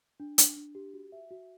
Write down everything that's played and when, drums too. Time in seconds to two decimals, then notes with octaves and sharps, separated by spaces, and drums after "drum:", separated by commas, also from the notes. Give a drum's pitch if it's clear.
0.20 D4
0.38 D4, drum: hi-hat
0.57 D4
0.75 G4
0.94 F#4
1.12 E5
1.31 F#4